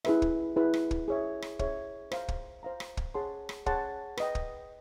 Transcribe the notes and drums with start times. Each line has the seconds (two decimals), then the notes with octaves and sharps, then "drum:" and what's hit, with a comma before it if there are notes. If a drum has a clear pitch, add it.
0.05 E4 G#4 B4 E5, drum: rim click
0.22 drum: kick
0.56 E4 G#4 B4 E5
0.74 drum: rim click
0.91 drum: kick
1.08 G#4 C#5 E5
1.42 drum: rim click
1.59 G#4 C#5 E5, drum: kick
2.12 C5 F5 A#5, drum: rim click
2.28 drum: kick
2.63 C5 F5 A#5
2.80 drum: rim click
2.97 drum: kick
3.15 G#4 C#5 F#5 A5 C6
3.49 drum: rim click
3.66 G#4 C#5 F#5 A5 C6, drum: kick
4.17 B4 D#5 G5, drum: rim click
4.35 drum: kick